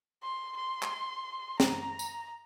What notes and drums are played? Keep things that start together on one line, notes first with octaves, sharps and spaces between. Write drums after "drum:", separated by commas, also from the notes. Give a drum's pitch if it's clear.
C6
C6
drum: clap
A#5, drum: snare
drum: tambourine